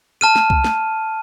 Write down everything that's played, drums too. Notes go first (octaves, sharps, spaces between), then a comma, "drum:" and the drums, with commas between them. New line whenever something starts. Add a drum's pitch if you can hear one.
A5 F6 D#7
drum: snare
drum: kick C2
drum: snare